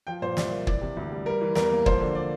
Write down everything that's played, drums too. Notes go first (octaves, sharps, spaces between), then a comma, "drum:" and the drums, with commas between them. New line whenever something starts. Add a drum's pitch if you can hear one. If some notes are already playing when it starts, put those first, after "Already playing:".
F3 G5
A#2 C5
C2 D5, drum: snare
A#3
E3 D5, drum: kick
C3
D2
G3
G3 A#4
E3
E2 A#4, drum: snare
A#3
F3 C5, drum: kick
D3
D5